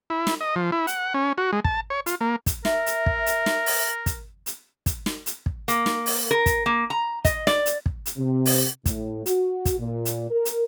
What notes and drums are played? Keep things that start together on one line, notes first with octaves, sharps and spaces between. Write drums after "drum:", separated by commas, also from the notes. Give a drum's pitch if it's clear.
E4
drum: snare
D#5
F3
E4
F#5, drum: hi-hat
C#4
F#4
G#3
A5, drum: kick
C#5
F4, drum: hi-hat
A#3
drum: kick, hi-hat
A#4 E5, drum: snare
drum: hi-hat
drum: kick
drum: hi-hat
drum: snare
drum: open hi-hat
drum: kick, hi-hat
drum: hi-hat
drum: kick, hi-hat
drum: snare
drum: hi-hat
drum: kick
A#3, drum: hi-hat
drum: snare
drum: open hi-hat
A#4
drum: kick, hi-hat
A#3
A#5
D#5, drum: kick, hi-hat
D5, drum: snare
drum: hi-hat
drum: kick
drum: hi-hat
C3
drum: open hi-hat
A2, drum: kick, hi-hat
F#4, drum: hi-hat
drum: kick, hi-hat
A#2
drum: hi-hat
A#4
drum: hi-hat